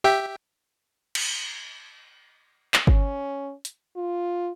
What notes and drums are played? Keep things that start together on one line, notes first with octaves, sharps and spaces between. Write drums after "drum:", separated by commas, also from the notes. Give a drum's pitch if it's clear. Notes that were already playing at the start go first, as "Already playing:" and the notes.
G4 E5 G5
drum: cymbal
drum: clap
C#4, drum: kick G1
drum: hi-hat
F4